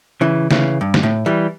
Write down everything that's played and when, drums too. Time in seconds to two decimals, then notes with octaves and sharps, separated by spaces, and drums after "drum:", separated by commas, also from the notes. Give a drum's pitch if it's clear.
0.21 C#3 E3
0.51 C#3 E3, drum: snare
0.81 G2
0.94 drum: snare
1.03 A2
1.26 E3 G3